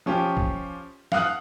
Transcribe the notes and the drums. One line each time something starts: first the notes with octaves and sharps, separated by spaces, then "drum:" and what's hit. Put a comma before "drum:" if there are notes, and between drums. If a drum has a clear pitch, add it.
F3 C#4 F4 G4
drum: kick A#1
F5 F#5 D#6 F#6, drum: snare